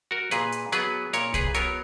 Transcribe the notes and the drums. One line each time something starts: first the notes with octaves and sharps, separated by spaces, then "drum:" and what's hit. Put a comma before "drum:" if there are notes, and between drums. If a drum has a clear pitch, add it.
F#4 A#4
A#2 G#4 B4, drum: hi-hat
drum: hi-hat
F#3 B3 G#4 B4, drum: hi-hat
A#2 A#4 C#5, drum: hi-hat
G#4 B4, drum: kick, hi-hat
F#3 B3 A#4 C#5, drum: hi-hat